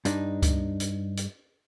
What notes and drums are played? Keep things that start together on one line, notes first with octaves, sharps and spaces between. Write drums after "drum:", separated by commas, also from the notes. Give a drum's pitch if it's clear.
G2 D4 D#4, drum: hi-hat
drum: kick C#2, hi-hat
drum: hi-hat
drum: hi-hat